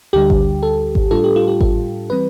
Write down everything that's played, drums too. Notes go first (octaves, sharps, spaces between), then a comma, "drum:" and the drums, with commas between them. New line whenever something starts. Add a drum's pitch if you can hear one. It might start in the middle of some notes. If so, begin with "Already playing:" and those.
D2 D3 G3 G4
drum: kick G#1
A4
drum: kick G#1
A2 G3 D4 F4 A4
G4
F4
G4
A4, drum: kick G#1
E3 G3 C4 B4